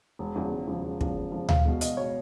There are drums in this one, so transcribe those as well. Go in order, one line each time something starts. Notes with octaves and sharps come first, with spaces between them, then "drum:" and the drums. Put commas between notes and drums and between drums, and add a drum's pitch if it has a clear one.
E1
E2 C#3 F3
E1
E2 C#3 F3
E1
E2 C#3 F3, drum: kick
E1
E2 C#3 F3
E1 F5, drum: tom D2
E2 B2
E1 D#5, drum: hi-hat
B2 C#5